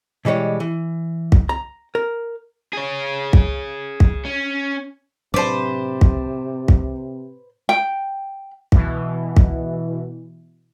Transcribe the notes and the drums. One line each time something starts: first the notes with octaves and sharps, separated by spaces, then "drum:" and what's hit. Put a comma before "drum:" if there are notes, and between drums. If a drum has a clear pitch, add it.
B2 E3 G3 G#3 C#5
E3
drum: kick
A#5
A#4
G#4 C#5
drum: kick
drum: kick
C#4
A2 C3 F#3 D4 B4 C5 D5 A5
drum: kick
drum: kick
G5
B2 E3, drum: kick
drum: kick